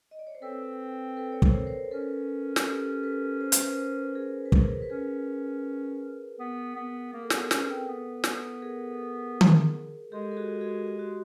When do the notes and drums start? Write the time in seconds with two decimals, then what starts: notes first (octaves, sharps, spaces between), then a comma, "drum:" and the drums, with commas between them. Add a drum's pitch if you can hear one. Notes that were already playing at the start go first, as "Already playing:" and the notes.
0.11 D#5
0.19 D5
0.27 C#5
0.35 C5
0.42 C4 A4 B4
1.17 A4 B4
1.32 C#5
1.42 A#4 C5, drum: kick
1.67 A#4 C5
1.85 A#4
1.91 C#4 A4 B4
2.56 drum: snare
2.66 G4 A4
3.03 A4 B4
3.41 C5
3.52 B4, drum: hi-hat
3.64 A#4 C5
4.15 G#4 A#4
4.46 B4
4.52 G#4 A#4, drum: kick
4.82 B4
4.90 C#4 G#4 A#4
6.40 B3
6.76 B3
7.13 A#3 A#4
7.22 A4
7.30 B3 G#4 A#4, drum: snare
7.51 C#4 A4 B4, drum: snare
7.70 C4
7.88 B3
8.24 drum: snare
8.62 G#4 A#4
9.41 drum: tom D#3
10.12 G#3 G4 A4
10.31 A4
10.37 F#4 G#4
10.61 F#4 G#4
10.86 G4
10.99 F#4